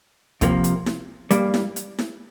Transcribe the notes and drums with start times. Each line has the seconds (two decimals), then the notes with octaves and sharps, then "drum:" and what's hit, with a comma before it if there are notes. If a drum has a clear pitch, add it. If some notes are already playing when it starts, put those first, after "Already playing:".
0.41 C2 C3 F3 A#3, drum: kick, hi-hat
0.64 drum: hi-hat
0.86 drum: snare E4
1.31 G2 G3 A#3, drum: hi-hat
1.54 drum: snare E4
1.76 drum: hi-hat
1.99 drum: snare E4